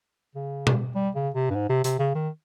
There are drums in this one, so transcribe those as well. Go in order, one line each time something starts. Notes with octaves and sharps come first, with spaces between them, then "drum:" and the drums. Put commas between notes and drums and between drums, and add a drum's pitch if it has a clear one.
C#3
drum: tom B2
G3
C#3
C3
G2
G#2
C3
C3, drum: hi-hat
C#3
D#3